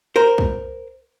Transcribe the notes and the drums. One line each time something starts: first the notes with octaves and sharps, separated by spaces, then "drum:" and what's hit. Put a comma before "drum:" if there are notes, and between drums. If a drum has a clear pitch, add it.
A#4 C5
drum: kick C2